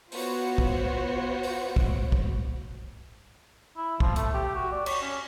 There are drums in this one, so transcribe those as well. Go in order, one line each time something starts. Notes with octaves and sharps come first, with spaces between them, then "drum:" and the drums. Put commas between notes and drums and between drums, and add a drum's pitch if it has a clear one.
B3 F4 F#4 C5 C#5, drum: open hi-hat
drum: kick
drum: open hi-hat
drum: kick
drum: kick
E4
F3, drum: kick
A3, drum: hi-hat
G4
F#4
D5
C#5, drum: cymbal
C#4